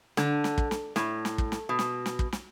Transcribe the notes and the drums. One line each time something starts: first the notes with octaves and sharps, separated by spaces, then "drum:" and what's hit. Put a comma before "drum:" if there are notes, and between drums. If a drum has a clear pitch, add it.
D3, drum: snare
drum: snare
drum: kick
drum: snare
A2, drum: snare
drum: snare
drum: kick
drum: snare
B2
drum: snare
drum: snare
drum: kick
drum: snare